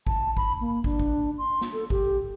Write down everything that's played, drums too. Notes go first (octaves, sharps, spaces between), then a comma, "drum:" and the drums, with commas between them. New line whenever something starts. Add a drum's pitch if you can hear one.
A5, drum: kick
B5, drum: kick
A#3
D4, drum: kick
drum: kick
C6
drum: snare
A4
G4, drum: kick